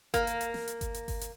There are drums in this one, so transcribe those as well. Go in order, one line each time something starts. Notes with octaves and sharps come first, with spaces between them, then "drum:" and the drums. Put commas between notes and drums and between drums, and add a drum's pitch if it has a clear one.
A#3, drum: kick G1, hi-hat
drum: hi-hat
drum: hi-hat
drum: snare
drum: hi-hat
drum: kick G1, hi-hat
drum: hi-hat
drum: kick G1, open hi-hat
drum: hi-hat